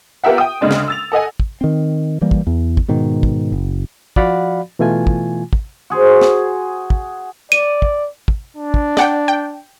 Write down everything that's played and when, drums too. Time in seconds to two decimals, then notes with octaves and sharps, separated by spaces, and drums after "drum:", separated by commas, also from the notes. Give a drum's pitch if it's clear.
0.24 B3 F4 G4 A#4 E5 F#5
0.38 G5 D#6
0.61 D2 C#3 G#3 D4
0.71 drum: snare
0.88 E6 A6 F7
1.12 A4 D#5 F#5 G#5
1.40 drum: kick
1.61 D#3 C4
2.21 E3 G3 A#3
2.31 drum: kick
2.47 E2
2.77 drum: kick
2.88 G#2 B2 D#3
3.23 drum: kick
3.52 F#1
4.16 F3 F#4 D5 F5 F#5 B5, drum: kick
4.79 B2 E3 A3 F4 G#5
5.07 drum: kick
5.53 drum: kick
5.90 F#4 G#4 C5
6.21 drum: snare
6.90 drum: kick
7.52 D5 D#7
7.82 drum: kick
8.28 drum: kick
8.57 D4
8.74 drum: kick
8.97 D5 F#5 G5, drum: snare
9.28 G5